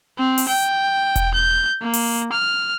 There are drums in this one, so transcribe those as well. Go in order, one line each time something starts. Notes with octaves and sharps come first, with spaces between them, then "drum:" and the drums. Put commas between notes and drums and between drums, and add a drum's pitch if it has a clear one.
C4
drum: open hi-hat
G5
drum: kick E1, hi-hat
G6
A#3
drum: open hi-hat
F6